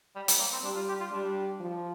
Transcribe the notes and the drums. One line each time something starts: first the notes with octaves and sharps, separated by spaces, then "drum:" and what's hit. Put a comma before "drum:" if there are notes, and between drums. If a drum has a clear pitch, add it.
G3
G3, drum: hi-hat
A#3
C4
G3 D4
F4
G4
F4
G3 D4
F3